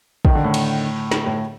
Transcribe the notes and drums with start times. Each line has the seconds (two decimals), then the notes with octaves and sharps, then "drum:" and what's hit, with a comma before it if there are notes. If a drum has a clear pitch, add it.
0.25 D#3, drum: kick
0.35 D3
0.44 A2
0.54 drum: cymbal
1.11 drum: snare
1.26 A2